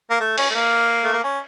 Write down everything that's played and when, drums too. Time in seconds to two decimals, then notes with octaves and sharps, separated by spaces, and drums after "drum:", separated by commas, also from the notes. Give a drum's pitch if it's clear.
0.10 A#3
0.21 A3
0.38 C#4, drum: cymbal
0.50 A3
0.55 A#3
1.04 A3
1.13 A#3
1.24 C#4